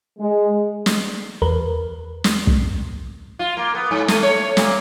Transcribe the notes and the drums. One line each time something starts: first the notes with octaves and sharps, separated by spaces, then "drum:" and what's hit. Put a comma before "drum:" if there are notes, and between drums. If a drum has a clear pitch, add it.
G#3
drum: snare
E2 A#4 B4
drum: snare
drum: kick
F4
A#3
B3
G#2
A3, drum: snare
C#5
A#2, drum: snare